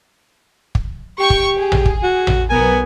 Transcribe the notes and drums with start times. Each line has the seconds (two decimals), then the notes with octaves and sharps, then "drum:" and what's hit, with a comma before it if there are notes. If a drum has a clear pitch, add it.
0.75 drum: kick
1.19 G4 G5 C#6
1.30 drum: kick
1.58 G#4
1.72 drum: tom A1
1.86 drum: kick
2.03 F#4
2.27 drum: tom A1
2.50 B1 B3 A#4 G#5